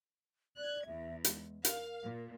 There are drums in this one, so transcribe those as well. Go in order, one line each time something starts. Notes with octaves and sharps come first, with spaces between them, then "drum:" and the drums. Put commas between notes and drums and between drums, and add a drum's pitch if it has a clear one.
D5 F#6 G#6
E2 E5
G#3, drum: hi-hat
A#4 F5, drum: hi-hat
A#2